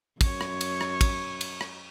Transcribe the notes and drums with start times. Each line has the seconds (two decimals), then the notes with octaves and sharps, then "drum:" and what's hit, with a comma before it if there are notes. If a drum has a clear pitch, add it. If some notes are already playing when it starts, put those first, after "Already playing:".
0.21 F#2 C#5, drum: kick, cymbal
0.41 drum: rim click
0.61 drum: cymbal
0.81 drum: rim click
1.01 drum: kick, cymbal
1.41 drum: cymbal
1.61 drum: rim click